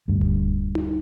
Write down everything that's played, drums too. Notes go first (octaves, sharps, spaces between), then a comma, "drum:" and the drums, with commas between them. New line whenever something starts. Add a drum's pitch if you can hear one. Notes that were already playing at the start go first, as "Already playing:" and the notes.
D2 G2
drum: kick D1
drum: tom D#4